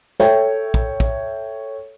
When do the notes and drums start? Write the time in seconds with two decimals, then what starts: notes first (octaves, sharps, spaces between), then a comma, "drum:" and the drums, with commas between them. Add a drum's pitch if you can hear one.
0.20 A4 C#5 E5 G5, drum: snare
0.74 drum: kick
1.00 drum: kick